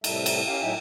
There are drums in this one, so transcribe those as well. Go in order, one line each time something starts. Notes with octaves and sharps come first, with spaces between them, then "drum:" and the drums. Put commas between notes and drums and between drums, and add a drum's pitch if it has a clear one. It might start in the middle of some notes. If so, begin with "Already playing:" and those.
A2 C3 G3 A4 E5, drum: cymbal
drum: cymbal
C#4 G4 F5
A2 F#3 D#4 E5 G5 G#5